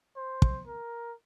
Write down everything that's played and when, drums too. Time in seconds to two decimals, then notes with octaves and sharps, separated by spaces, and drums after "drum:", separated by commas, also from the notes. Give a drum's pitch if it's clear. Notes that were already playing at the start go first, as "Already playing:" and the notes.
0.16 C5
0.42 drum: kick
0.67 A#4